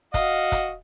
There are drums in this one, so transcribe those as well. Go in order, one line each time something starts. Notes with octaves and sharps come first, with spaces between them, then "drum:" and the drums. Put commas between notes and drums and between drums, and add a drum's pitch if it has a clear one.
F#4 D#5 F5, drum: kick, hi-hat
drum: kick, hi-hat